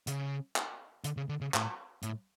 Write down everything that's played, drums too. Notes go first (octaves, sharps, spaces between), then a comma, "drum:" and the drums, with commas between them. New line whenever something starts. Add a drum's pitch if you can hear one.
C#3, drum: hi-hat
drum: clap
D3, drum: hi-hat
C#3
D3
C#3
A2, drum: clap
A2, drum: hi-hat